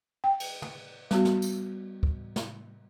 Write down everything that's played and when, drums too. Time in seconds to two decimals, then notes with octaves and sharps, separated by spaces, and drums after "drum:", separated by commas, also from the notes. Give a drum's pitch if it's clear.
0.24 G5
0.40 drum: cymbal
0.62 drum: tom
1.11 G3 B3 F#4, drum: snare
1.25 drum: snare
1.42 drum: tambourine
2.03 drum: kick
2.36 drum: snare